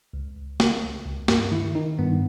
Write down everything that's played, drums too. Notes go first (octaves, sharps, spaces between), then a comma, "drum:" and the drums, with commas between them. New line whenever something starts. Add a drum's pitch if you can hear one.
C#2
C#2
C#3, drum: snare
C#2
C#2
G2 G4, drum: snare
D#3 E4
D#3 D#4
G2 B3